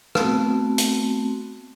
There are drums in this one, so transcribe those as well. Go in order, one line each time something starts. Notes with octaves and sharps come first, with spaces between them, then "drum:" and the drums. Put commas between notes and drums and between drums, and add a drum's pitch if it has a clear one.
A3 B3 C4 F#4, drum: rim click
drum: hi-hat